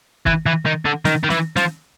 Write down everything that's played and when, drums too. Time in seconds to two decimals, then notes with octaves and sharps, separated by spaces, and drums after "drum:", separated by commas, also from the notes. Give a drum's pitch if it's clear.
0.27 E3, drum: kick
0.46 E3
0.65 D#3
0.85 D3
1.05 D#3, drum: snare
1.24 D#3
1.30 E3, drum: snare
1.56 F3, drum: snare